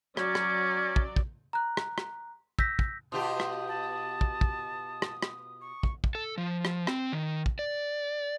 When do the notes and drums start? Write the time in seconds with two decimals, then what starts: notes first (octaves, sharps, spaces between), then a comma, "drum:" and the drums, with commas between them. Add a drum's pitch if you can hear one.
0.17 F#3 C#4 D5, drum: rim click
0.35 drum: rim click
0.96 drum: kick
1.16 drum: kick
1.53 A#5 F#6
1.77 drum: rim click
1.98 drum: rim click
2.59 E6 G6 A#6 B6, drum: kick
2.79 drum: kick
3.12 B2 F4 G4 C6 D#6
3.40 drum: rim click
3.68 A5
4.21 drum: kick
4.41 drum: kick
5.02 drum: rim click
5.23 drum: rim click
5.61 C#6
5.83 drum: kick
6.04 drum: kick
6.15 A4
6.38 F3
6.65 drum: rim click
6.87 C4, drum: rim click
7.12 D#3
7.46 drum: kick
7.59 D5